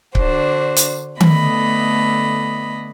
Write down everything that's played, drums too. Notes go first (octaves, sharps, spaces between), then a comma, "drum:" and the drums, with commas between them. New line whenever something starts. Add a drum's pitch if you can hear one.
D3 D4 F#4 C5, drum: kick C#1
drum: hi-hat
D3 A3 B3 D#5 B5, drum: tom D#3